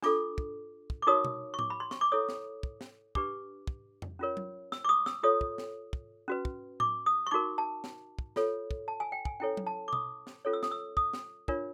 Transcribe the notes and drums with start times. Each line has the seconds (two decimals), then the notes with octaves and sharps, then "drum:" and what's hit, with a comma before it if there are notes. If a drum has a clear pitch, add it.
0.03 D4 F4 A4 D6, drum: snare
0.38 drum: kick
0.90 drum: kick
1.02 D6
1.07 D#4 F#4 A#4 C#5 D#6
1.25 drum: tom B2
1.54 C#6
1.59 D6, drum: tom A2
1.70 B5
1.80 C6
1.91 C#6, drum: snare
2.01 D6
2.12 E4 A4 C#5 D#6
2.29 drum: snare
2.63 drum: kick
2.81 drum: snare
3.15 D4 G4 B4 D6, drum: kick
3.67 drum: kick
4.02 drum: tom F2
4.19 C#4 F4 A#4 C#5
4.37 drum: tom F#3
4.72 E6, drum: snare
4.85 D6
4.89 D#6
5.06 E6, drum: snare
5.23 F4 A4 C#5 D#6
5.41 drum: kick
5.58 drum: snare
5.93 drum: kick
6.28 C#4 F#4 B4
6.45 drum: kick
6.80 D6, drum: tom A2
7.06 D#6
7.27 C#6
7.31 D#4 F#4 A#4 D6
7.58 A5
7.84 drum: snare
8.19 drum: kick
8.36 F4 A4 C#5, drum: snare
8.71 drum: kick
8.88 A5
9.00 G#5
9.12 G5
9.25 G#5, drum: kick
9.40 C#4 E4 A4 C#5 G5
9.57 drum: tom F#3
9.67 A5
9.88 D6
9.93 D#6, drum: tom B2
10.27 drum: snare
10.45 C#4 F4 A4 C#5
10.53 E6
10.63 D#6, drum: snare
10.71 E6
10.97 D#6, drum: kick
11.13 drum: snare
11.48 D4 F4 A#4 C#5, drum: kick